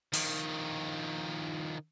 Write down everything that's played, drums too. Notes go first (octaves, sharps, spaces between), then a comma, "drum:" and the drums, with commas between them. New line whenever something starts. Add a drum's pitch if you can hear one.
D#3 F3, drum: open hi-hat